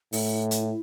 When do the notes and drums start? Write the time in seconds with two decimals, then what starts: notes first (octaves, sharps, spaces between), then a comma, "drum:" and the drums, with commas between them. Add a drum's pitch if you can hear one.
0.13 A2 E4, drum: open hi-hat
0.51 drum: hi-hat